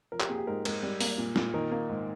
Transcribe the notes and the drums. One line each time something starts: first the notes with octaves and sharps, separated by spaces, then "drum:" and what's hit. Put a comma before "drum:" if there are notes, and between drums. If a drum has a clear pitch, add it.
F3 A#4
G4, drum: clap
A#3 G#4
G4
G#2 A#4
G#2 A#4, drum: cymbal
G3
A#3, drum: open hi-hat
A#2
A#2, drum: snare
D#3 A#4
A#3
G#2